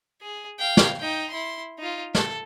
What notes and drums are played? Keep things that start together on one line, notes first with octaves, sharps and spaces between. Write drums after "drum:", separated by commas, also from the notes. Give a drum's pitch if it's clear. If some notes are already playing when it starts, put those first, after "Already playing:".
G#4
F5 G5
drum: snare
D#4 G5
E4 C6
D#4 F4
A4, drum: snare